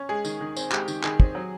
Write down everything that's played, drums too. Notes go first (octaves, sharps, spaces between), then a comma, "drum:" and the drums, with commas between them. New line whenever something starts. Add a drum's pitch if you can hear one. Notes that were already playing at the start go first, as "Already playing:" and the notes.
Already playing: C#4
G#3 G#4
D#3, drum: tambourine
D#3
C4, drum: tambourine
G#3 G4, drum: clap
D#3, drum: tambourine
D#3 G#4, drum: clap
C4, drum: kick
F#3